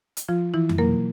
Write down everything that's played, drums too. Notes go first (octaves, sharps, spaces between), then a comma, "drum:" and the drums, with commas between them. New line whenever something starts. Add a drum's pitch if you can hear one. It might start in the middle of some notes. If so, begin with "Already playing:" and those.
drum: hi-hat
F3 F4
E3 E4
drum: tom F2
B2 F#3 A#3 A#4